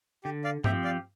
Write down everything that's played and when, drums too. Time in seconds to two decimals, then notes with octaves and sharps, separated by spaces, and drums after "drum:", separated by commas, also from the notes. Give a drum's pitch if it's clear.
0.24 D3 G4
0.44 D5 F5
0.64 F3 C4 G4 E5 G5, drum: tom G2
0.84 D5 F5